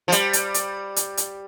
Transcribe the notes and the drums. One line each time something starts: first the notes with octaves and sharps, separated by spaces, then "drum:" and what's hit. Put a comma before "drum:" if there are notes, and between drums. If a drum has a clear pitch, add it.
F3
G3, drum: hi-hat
drum: hi-hat
drum: hi-hat
drum: hi-hat
drum: hi-hat